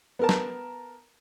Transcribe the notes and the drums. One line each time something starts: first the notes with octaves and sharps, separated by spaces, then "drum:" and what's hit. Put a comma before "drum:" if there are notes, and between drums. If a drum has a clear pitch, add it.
B3 A#4 A5
drum: snare